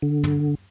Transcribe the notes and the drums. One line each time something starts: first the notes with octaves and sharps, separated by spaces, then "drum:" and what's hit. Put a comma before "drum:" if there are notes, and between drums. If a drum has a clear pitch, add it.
D3
drum: tom